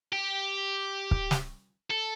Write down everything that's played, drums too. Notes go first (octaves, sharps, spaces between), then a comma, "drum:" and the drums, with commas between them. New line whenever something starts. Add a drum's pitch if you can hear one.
G4
drum: kick
drum: snare
A4